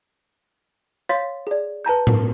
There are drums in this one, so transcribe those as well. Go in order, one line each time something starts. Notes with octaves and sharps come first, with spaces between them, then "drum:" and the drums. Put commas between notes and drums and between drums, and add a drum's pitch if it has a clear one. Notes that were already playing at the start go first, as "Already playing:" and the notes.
C#5 F5 C6 A6 B6
G#4 D5
B4 A5 A#5 G6
A#4, drum: tom A2